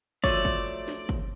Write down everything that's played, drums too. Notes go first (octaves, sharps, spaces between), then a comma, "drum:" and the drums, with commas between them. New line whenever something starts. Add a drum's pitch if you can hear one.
F3 F#3 A3 C#5 D5, drum: kick, hi-hat
drum: kick, hi-hat
drum: hi-hat
drum: snare
drum: kick, hi-hat